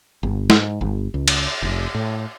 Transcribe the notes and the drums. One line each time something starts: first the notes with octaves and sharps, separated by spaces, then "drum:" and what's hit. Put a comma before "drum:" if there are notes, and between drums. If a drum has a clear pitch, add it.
G1
G#2, drum: snare
G1
C#2
drum: cymbal
F1
A2